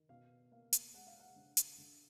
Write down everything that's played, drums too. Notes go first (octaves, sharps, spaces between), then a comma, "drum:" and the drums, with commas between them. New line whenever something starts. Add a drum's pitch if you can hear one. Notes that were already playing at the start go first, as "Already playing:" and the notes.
Already playing: D#3
B2 F5
A#3 F5
drum: hi-hat
G#3 F#5
F5
F#5
D3
drum: hi-hat
D3